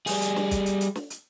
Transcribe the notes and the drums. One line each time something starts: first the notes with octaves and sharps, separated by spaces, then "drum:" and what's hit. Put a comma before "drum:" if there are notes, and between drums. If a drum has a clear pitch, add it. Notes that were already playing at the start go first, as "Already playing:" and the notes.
G3 G#4, drum: open hi-hat
drum: hi-hat
drum: snare
drum: kick, hi-hat
drum: hi-hat
drum: hi-hat
drum: snare
drum: hi-hat